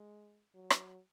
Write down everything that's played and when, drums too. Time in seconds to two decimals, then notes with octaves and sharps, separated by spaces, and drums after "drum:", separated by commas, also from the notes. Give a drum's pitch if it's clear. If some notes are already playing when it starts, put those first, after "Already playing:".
Already playing: G#3
0.55 F#3
0.70 drum: rim click